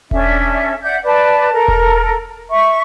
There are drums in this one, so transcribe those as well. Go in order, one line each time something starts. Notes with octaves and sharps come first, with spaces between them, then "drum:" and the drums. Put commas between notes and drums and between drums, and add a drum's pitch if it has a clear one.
C#4 D4 A4 E5, drum: kick E1
D5 E5 F#5 G6
B4 D5 A5
A4 A#4
drum: kick E1
E5 C#6